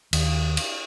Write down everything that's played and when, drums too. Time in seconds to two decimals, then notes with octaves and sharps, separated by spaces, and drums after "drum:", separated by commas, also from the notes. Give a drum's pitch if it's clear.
0.13 D#2, drum: cymbal
0.57 drum: cymbal